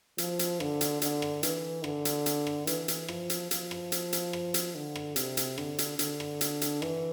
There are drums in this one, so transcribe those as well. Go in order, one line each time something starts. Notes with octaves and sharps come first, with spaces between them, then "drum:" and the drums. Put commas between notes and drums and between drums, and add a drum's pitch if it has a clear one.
F3, drum: hi-hat
drum: hi-hat
D3, drum: rim click
drum: hi-hat
D3, drum: hi-hat
drum: rim click
E3, drum: hi-hat
D3, drum: rim click
drum: hi-hat
drum: hi-hat
drum: rim click
E3, drum: hi-hat
drum: hi-hat
F3, drum: rim click
drum: hi-hat
F3, drum: hi-hat
drum: rim click
drum: hi-hat
drum: hi-hat
drum: rim click
drum: hi-hat
D3
drum: rim click
C3, drum: hi-hat
drum: hi-hat
D3, drum: rim click
drum: hi-hat
D3, drum: hi-hat
drum: rim click
drum: hi-hat
drum: hi-hat
E3, drum: rim click